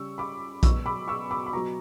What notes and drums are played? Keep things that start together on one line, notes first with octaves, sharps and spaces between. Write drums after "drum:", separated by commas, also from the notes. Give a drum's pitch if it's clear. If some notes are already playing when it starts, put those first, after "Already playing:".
Already playing: C#3 G3 C#6 E6
B5 D6
B2 F#3 C#6 E6, drum: kick A#1, hi-hat
B5 D6
C#6 E6
B5 D6
B5
B2 F#3 A#5 C#6